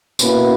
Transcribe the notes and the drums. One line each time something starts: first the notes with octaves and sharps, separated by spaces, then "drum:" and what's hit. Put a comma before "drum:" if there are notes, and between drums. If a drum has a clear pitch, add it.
B2 A#3 C#4 E4 B4, drum: tambourine